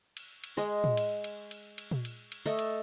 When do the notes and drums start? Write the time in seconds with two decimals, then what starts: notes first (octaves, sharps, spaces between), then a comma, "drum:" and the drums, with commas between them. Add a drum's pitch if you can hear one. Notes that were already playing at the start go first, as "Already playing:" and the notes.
0.17 drum: cymbal
0.44 drum: cymbal
0.57 G#3 D#5
0.84 drum: tom
0.97 drum: cymbal
1.24 drum: cymbal
1.51 drum: cymbal
1.78 drum: cymbal
1.91 drum: tom A#2
2.05 drum: cymbal
2.32 drum: cymbal
2.46 A3 A4 D#5
2.59 drum: cymbal